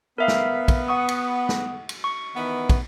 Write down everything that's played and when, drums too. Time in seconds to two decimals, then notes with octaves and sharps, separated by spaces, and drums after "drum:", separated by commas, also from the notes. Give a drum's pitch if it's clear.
0.18 B3 A#4 E5 F5
0.28 drum: snare
0.68 drum: kick, cymbal
0.88 F#5 C#6 D#6
1.08 drum: cymbal
1.49 drum: snare
1.89 drum: cymbal
2.04 C#6
2.35 D#3 E3 B3
2.70 drum: kick, cymbal